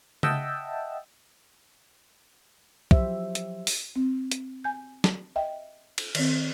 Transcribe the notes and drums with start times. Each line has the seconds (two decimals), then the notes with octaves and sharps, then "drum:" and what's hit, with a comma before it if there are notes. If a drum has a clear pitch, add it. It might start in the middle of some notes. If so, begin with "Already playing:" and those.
0.23 D#5 E5 F#5 G5 A5 E6, drum: tom C#3
2.91 F3 F#3 G4 C5 E5, drum: kick
3.35 drum: hi-hat
3.67 drum: open hi-hat
3.96 C4
4.32 drum: hi-hat
4.64 G#5 G6
5.04 drum: snare
5.36 D#5 E5 G5
5.98 drum: cymbal
6.15 D#3 C4, drum: cymbal